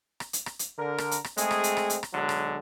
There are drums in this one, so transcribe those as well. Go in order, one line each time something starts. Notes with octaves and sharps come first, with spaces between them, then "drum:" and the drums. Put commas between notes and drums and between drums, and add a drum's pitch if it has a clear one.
drum: rim click
drum: hi-hat
drum: rim click
drum: hi-hat
D3 A#4
drum: rim click
drum: hi-hat
drum: rim click
G#3 A3 C4 G#4, drum: hi-hat
drum: rim click
drum: hi-hat
drum: rim click
drum: hi-hat
drum: rim click
B1 D3 F#3 G#3
drum: rim click